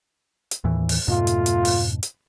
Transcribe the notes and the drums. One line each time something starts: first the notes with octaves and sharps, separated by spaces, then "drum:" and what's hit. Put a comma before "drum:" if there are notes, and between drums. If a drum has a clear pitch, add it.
drum: hi-hat
D#2 A2 E3
drum: open hi-hat
F2 G#2 B2 A3 F4
drum: hi-hat
drum: hi-hat
drum: open hi-hat
drum: hi-hat